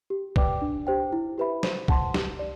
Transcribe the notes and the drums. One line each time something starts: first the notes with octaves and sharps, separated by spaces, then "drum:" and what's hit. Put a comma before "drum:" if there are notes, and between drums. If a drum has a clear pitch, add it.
G4
B4 D5 G5 D6, drum: kick
D4
G4 C5 G5
E4
G4 B4 E5 B5
C5, drum: snare
F#5 A5 C6, drum: kick
G4, drum: snare
D5